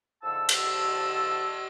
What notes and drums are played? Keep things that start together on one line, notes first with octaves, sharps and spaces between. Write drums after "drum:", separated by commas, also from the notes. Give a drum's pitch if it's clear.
G#2 D3 F3 A4 A5 E6
drum: cymbal